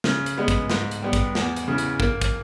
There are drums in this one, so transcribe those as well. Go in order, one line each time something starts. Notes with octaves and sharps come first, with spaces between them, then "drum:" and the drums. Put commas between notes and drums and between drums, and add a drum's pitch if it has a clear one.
C#3, drum: snare
drum: hi-hat
G#3 B3
drum: kick, hi-hat
G#2, drum: snare
drum: hi-hat
G3 B3
drum: kick, hi-hat
E2, drum: snare
drum: hi-hat
C#3 E3
drum: hi-hat
A#3, drum: kick
drum: kick, hi-hat